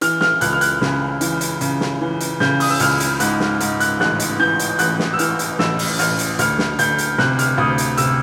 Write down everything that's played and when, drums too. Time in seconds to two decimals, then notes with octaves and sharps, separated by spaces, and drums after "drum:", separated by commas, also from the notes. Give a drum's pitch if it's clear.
0.01 E3 F6, drum: hi-hat
0.21 F6, drum: snare
0.41 C#2 F#6, drum: hi-hat
0.53 F6
0.61 F#6, drum: hi-hat
0.81 C#3, drum: snare
1.21 E3, drum: hi-hat
1.41 drum: hi-hat
1.61 C#3, drum: hi-hat
1.81 drum: snare
2.01 E3
2.20 drum: hi-hat
2.40 C#3 G6, drum: snare
2.60 D#6, drum: open hi-hat
2.70 E6
2.80 C#2 F6, drum: hi-hat
3.00 drum: hi-hat
3.20 G#2 F#6, drum: hi-hat
3.40 drum: snare
3.60 G#2, drum: hi-hat
3.80 F#6, drum: hi-hat
4.00 A1 F#6, drum: snare
4.20 drum: hi-hat
4.39 E3 G6
4.59 drum: hi-hat
4.79 A1 F#6, drum: hi-hat
4.99 drum: snare
5.13 E6
5.19 E3 F6, drum: hi-hat
5.39 drum: hi-hat
5.59 A1 E6, drum: snare
5.79 drum: open hi-hat
5.99 A1 F6, drum: hi-hat
6.19 drum: hi-hat
6.39 D2 F6, drum: hi-hat
6.59 drum: snare
6.79 D2 G6, drum: hi-hat
6.98 drum: hi-hat
7.18 C3 F#6, drum: snare
7.39 F6, drum: hi-hat
7.58 D2 D#6
7.78 drum: hi-hat
7.97 C3 E6, drum: hi-hat